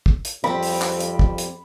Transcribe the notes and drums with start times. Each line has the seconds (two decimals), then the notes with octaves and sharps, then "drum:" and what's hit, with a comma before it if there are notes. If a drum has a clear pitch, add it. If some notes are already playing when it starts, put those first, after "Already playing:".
0.06 drum: kick
0.25 drum: hi-hat
0.44 F2 G3 C4 B5
0.63 drum: open hi-hat
0.82 drum: clap
1.00 drum: hi-hat
1.19 drum: kick
1.38 drum: hi-hat